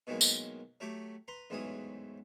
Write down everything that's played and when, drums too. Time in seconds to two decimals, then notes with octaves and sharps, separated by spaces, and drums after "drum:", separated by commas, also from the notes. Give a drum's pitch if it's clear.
0.07 B2 D#3 E3 F#3 G#3 A#3
0.21 drum: tambourine
0.80 F#3 A3 G4 D6
1.28 B4 A#5 C6
1.50 A1 E2 G#2 E3 F#3 D#6